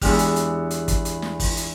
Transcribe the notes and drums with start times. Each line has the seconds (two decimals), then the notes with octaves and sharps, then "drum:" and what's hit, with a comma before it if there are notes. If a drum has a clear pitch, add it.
0.01 E2 G#3 D4 G4 F6, drum: kick, open hi-hat
0.19 drum: hi-hat
0.36 drum: hi-hat
0.70 drum: hi-hat
0.88 drum: kick, hi-hat
1.05 drum: hi-hat
1.22 drum: snare
1.40 drum: kick, open hi-hat
1.57 drum: hi-hat